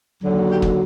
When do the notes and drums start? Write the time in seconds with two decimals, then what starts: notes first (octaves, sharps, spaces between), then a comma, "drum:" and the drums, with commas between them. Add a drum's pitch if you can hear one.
0.22 D#2 D3 F#3
0.49 G4
0.62 drum: kick